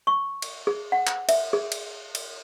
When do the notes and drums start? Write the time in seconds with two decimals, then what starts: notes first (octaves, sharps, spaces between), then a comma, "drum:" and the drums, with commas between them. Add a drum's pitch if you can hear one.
0.07 C#6
0.42 drum: cymbal
0.67 G#4
0.92 F#5
1.07 drum: clap
1.29 E5, drum: cymbal
1.53 G#4
1.72 drum: cymbal
2.15 drum: cymbal